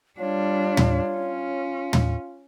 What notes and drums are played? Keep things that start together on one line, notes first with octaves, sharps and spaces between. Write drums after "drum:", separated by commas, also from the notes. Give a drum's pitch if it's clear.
G3 D4 F4 C#5
drum: tom
C#4
drum: tom